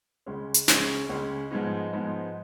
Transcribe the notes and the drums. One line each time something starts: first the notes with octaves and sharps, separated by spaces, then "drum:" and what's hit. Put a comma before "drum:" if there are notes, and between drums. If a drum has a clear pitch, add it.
C#2 C#3 G#3 C#4
drum: hi-hat
C#2 C#3 G#3 C#4, drum: snare
C#2 C#3 G#3 C#4
G#2 F3 G#3 B3 D#4
G#2 F3 G#3 B3 D#4